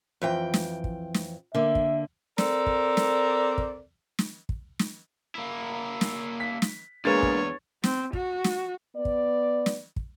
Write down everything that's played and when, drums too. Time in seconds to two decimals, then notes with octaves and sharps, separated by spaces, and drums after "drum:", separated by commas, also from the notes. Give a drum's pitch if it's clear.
0.22 F2 E3 G5
0.54 drum: snare
0.84 drum: kick
1.14 drum: snare
1.55 D3 A#3 E5
1.75 drum: kick
2.38 C4 A4 A#4 D5, drum: snare
2.66 drum: kick
2.97 drum: snare
3.58 drum: kick
4.19 drum: snare
4.49 drum: kick
4.79 drum: snare
5.35 A#3 E4
6.01 drum: snare
6.40 B6
6.62 drum: snare
7.05 E2 G#3 A#3 D4 B4 C#5 A6
7.23 drum: kick
7.84 C4, drum: snare
8.13 F#4, drum: kick
8.44 drum: snare
8.95 B3 D5
9.05 drum: kick
9.66 drum: snare
9.96 drum: kick